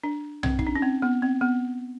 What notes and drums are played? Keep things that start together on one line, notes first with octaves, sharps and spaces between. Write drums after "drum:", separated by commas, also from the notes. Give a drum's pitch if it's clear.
D4
C4, drum: tom B1
D#4, drum: kick
D4
C#4
C4
B3
C4
B3